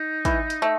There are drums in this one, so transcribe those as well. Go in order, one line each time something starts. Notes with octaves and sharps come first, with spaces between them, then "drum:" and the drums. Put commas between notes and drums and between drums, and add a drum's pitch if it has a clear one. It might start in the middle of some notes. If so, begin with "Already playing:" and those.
Already playing: D#4
E3, drum: kick, hi-hat
drum: hi-hat
A3